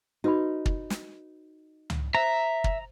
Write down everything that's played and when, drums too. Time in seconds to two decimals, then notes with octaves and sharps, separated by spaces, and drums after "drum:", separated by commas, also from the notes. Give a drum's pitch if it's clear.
0.24 D#4 F#4 B4 B5
0.66 drum: kick
0.90 drum: snare
1.90 drum: tom
2.15 C5 E5 A#5
2.64 drum: kick